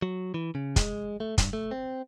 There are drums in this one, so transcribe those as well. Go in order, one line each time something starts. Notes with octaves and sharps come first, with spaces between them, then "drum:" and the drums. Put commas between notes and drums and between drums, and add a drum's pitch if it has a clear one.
F#3
E3
C#3
G#3, drum: kick, hi-hat
A3
G2, drum: kick, hi-hat
A3
C4